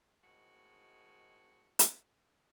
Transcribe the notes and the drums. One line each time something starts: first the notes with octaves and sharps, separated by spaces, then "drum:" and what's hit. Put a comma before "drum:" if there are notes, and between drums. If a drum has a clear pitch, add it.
A2 D#3 G#3 C4 F#4
drum: hi-hat